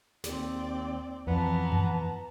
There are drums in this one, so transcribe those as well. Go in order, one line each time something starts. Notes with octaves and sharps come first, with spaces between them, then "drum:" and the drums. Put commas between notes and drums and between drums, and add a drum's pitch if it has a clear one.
D#2 C4 D5, drum: snare
F2 E3 B3 A5 A#5
drum: tom F#2